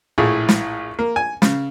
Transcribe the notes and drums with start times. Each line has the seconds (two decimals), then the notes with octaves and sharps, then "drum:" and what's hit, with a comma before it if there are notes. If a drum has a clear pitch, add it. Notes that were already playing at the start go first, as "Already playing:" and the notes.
0.18 A#1 A2 E4 G#4
0.49 drum: snare
0.99 A#3
1.16 G#5
1.42 C#3, drum: snare